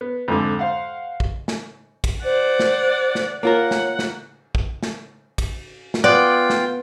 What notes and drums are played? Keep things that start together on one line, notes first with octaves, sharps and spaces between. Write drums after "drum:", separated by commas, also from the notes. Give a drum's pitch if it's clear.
B3
F2 G#2 D3
C5 F5 F#5
drum: kick
drum: snare
drum: kick, cymbal
C5 D5 F#5
drum: snare
drum: snare
A#3 F4 A#4 C#5 F#5
drum: snare
drum: snare
drum: kick
drum: snare
drum: kick, cymbal
drum: snare
B3 F4 D5 G5 F#6
drum: snare